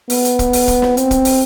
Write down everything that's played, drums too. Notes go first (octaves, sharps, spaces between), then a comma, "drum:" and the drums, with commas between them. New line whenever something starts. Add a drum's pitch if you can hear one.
B3, drum: open hi-hat
drum: hi-hat
drum: kick, hi-hat
drum: open hi-hat
drum: kick, hi-hat
drum: snare
C4, drum: hi-hat
drum: kick, hi-hat
drum: open hi-hat